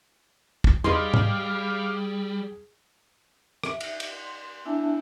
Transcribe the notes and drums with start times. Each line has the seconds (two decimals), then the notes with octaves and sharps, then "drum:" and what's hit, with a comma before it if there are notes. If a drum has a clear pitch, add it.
0.64 drum: kick
0.84 G3 D#4 G#4 B4 F5 C6 D6, drum: tom E2
1.14 drum: tom G#2
3.64 E5, drum: rim click
3.80 drum: cymbal
4.00 drum: cymbal
4.11 C6
4.65 B3 D4 E4 E5 G#5 A5